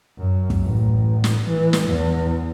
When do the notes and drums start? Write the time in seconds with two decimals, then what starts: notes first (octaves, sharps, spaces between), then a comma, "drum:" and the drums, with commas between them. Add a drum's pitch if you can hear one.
0.18 F#2
0.50 drum: kick
0.63 A1
1.24 drum: snare
1.48 E3
1.73 drum: snare
1.89 E2